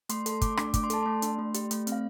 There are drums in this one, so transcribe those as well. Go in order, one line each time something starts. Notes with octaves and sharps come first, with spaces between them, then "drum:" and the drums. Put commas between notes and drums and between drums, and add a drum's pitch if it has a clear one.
A3 C6, drum: hi-hat
A4 C6, drum: hi-hat
A3 D6, drum: kick, hi-hat
D4, drum: rim click
A3 D6, drum: kick, hi-hat
C6
A4 A5, drum: hi-hat
A3 C6
D4, drum: hi-hat
A3
G4, drum: hi-hat
A3, drum: hi-hat
C4, drum: hi-hat
F5